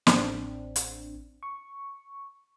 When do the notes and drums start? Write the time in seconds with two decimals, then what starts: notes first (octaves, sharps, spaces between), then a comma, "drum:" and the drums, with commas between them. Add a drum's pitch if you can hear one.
0.07 A1 C4 D4, drum: snare
0.76 drum: hi-hat
1.43 C#6